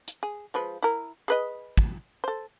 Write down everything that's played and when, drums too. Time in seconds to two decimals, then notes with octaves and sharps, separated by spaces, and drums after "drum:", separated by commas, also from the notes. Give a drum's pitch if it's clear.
0.08 drum: hi-hat
0.23 G#4
0.54 F3 G#3 B4
0.82 E4 A#4
1.28 G#4 B4 D#5
1.77 drum: kick
2.24 A4 C5